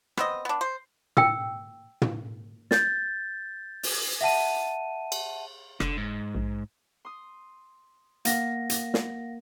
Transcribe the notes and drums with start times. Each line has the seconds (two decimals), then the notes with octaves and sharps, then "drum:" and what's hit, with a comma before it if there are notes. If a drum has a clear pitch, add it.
0.17 B3 C4 D#5, drum: rim click
0.45 B3 D4
0.61 C5
1.17 G5 E6, drum: tom
2.02 drum: tom
2.71 G6 A6, drum: snare
3.83 drum: open hi-hat
4.21 E5 F#5 A5 D#7
5.12 drum: cymbal
5.80 F1 D3, drum: rim click
5.97 G#2
6.35 A#1
7.05 C6 D#6
8.25 A#3 F5 F#5 A#6, drum: hi-hat
8.70 drum: hi-hat
8.94 drum: snare